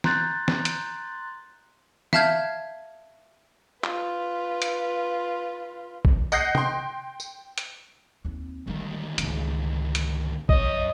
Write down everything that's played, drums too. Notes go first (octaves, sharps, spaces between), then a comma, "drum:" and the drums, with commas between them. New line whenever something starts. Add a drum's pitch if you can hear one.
A#5 C6 F#6 G6 A6, drum: snare
drum: snare
drum: hi-hat
E5 F5 A5 F6 G6 G#6, drum: snare
F4 B4, drum: clap
drum: hi-hat
drum: kick A#1
D#5 F#5 F#6 G6 A#6 C7, drum: tambourine
G5 C6, drum: tom
drum: tambourine
drum: hi-hat
D#2 C4
D2 D#3 G3 G#3
C#2 G#2, drum: hi-hat
drum: hi-hat
F#2 C#5 D#5, drum: kick A#1